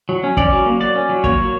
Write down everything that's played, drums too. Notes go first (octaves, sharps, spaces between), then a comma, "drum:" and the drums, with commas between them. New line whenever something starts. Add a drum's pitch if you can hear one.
F#3
C#4
C#4 D5, drum: kick
F#3
A#3
F#3 D5
C#4
F#3
A#3 C#5, drum: kick
F#3